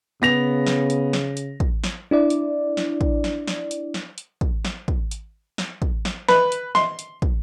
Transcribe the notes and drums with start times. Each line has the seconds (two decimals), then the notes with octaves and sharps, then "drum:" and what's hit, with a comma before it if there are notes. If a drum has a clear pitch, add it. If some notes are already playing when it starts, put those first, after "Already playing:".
0.22 C#3 B3 A#6 F7
0.66 drum: snare
0.90 drum: hi-hat
1.13 drum: snare
1.37 drum: hi-hat
1.60 drum: kick
1.84 drum: snare
2.11 D4 E4 D5
2.30 drum: hi-hat
2.77 drum: snare
3.01 drum: kick
3.24 drum: snare
3.47 drum: snare
3.71 drum: hi-hat
3.94 drum: snare
4.18 drum: hi-hat
4.41 drum: kick
4.65 drum: snare
4.88 drum: kick
5.11 drum: hi-hat
5.58 drum: snare
5.82 drum: kick
6.05 drum: snare
6.28 B4, drum: snare
6.52 drum: hi-hat
6.75 C6, drum: snare
6.99 drum: hi-hat
7.22 drum: kick